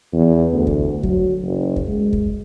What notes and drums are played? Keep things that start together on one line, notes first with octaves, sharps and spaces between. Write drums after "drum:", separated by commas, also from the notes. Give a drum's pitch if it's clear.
E2
D2
drum: kick
F#3, drum: kick
F#1
drum: kick
G#3
drum: kick